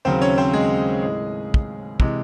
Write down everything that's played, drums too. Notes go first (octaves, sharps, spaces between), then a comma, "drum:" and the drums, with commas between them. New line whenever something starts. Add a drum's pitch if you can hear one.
D#2 C#3 F#3 C4 C5
C#4 C#5
C4 C5
G#3 G#4
A2 G#3
drum: kick
C3 E3 G#3, drum: kick